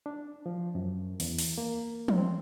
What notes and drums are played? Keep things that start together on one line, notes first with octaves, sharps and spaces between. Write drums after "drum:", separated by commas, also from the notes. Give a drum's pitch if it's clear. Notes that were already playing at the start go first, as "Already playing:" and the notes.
D4
F3
F#2
E2, drum: open hi-hat
drum: open hi-hat
A#3
drum: tom
C4